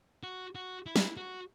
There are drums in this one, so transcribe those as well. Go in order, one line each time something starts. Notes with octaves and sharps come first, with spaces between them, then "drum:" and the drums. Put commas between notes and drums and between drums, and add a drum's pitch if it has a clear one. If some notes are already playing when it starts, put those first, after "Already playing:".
F#4
F#4
E4
drum: snare
F#4